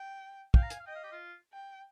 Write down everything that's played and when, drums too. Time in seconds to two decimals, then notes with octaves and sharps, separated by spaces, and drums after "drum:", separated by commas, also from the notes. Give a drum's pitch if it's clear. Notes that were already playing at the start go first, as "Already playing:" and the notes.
Already playing: G5
0.54 F5 G5, drum: kick
0.62 A#5
0.70 G#5, drum: hi-hat
0.79 F5
0.86 D#5 G5
0.95 F5
1.03 G4
1.12 F4
1.53 G5